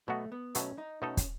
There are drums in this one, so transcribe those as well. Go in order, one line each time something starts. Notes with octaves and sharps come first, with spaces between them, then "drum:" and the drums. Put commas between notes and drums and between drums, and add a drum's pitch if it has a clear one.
B2 F#3 A3 B3 F#4
B3
B2 F#3 A3 C#4, drum: hi-hat
D#4
B2 A3 C#4 D#4 A4
drum: kick, hi-hat